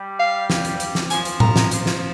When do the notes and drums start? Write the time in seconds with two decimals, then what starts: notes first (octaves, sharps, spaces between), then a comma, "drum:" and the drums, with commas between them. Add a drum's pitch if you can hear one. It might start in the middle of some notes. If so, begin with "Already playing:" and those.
Already playing: G3
0.19 F5
0.50 drum: snare
0.65 drum: hi-hat
0.80 drum: hi-hat
0.95 drum: snare
1.10 F3 G#5, drum: hi-hat
1.25 drum: hi-hat
1.40 A#5, drum: tom A2
1.56 drum: snare
1.71 F3, drum: hi-hat
1.86 drum: snare